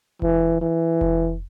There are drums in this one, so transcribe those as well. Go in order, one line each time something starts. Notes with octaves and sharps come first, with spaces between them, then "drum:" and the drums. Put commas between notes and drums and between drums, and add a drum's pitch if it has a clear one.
E3, drum: kick F1
E3
drum: kick F1